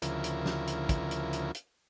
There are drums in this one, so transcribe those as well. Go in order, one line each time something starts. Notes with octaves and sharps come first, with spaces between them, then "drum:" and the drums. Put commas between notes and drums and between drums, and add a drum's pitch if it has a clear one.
D2 C#3 F3 E4 A#4, drum: hi-hat
drum: hi-hat
drum: snare
drum: hi-hat
drum: kick, hi-hat
drum: hi-hat
drum: hi-hat
drum: hi-hat